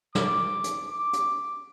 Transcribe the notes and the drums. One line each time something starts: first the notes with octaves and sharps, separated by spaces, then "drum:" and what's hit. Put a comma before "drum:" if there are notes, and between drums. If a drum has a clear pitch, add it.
D6, drum: snare
drum: hi-hat
D6
drum: hi-hat